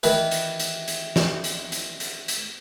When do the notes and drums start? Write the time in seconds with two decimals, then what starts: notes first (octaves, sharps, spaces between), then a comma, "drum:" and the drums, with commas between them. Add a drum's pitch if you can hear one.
0.03 D#3 E3 B4, drum: hi-hat
0.31 drum: hi-hat
0.60 drum: hi-hat
0.88 drum: hi-hat
1.16 drum: snare
1.44 drum: hi-hat
1.72 drum: hi-hat
2.00 drum: hi-hat
2.28 drum: hi-hat